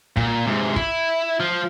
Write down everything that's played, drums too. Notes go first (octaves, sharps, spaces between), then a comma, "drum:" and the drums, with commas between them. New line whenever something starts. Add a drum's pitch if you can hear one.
A#2, drum: kick
G#2 C3
E4, drum: kick
F3